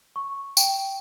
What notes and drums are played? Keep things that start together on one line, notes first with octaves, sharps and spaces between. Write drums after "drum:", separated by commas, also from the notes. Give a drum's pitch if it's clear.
C#6
G5, drum: tambourine